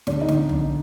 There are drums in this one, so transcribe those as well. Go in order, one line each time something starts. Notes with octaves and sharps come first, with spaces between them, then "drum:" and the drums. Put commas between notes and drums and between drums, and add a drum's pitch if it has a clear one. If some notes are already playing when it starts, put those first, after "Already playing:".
D2 D4, drum: snare
D#4
D3, drum: snare
drum: tom